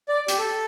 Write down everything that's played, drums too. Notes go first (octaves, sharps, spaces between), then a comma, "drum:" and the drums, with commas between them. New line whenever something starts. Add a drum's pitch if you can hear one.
D5
G4, drum: hi-hat
A4